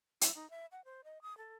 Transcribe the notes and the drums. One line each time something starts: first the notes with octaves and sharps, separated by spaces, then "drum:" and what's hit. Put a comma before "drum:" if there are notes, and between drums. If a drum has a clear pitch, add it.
E4, drum: hi-hat
D#4
E5
F#5
C5
D#5
D#6
A4